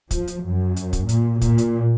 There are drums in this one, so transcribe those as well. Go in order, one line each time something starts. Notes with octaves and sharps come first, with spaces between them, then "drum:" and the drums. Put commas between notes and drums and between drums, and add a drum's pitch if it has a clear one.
F3, drum: kick, hi-hat
drum: hi-hat
F#2
drum: hi-hat
drum: kick, hi-hat
A#2, drum: hi-hat
A#2, drum: kick, hi-hat
drum: hi-hat